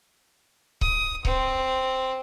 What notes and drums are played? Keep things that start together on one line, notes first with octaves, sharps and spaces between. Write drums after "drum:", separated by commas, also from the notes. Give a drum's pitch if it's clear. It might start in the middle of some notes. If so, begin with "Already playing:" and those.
D#6, drum: kick C#1
C4, drum: kick C#1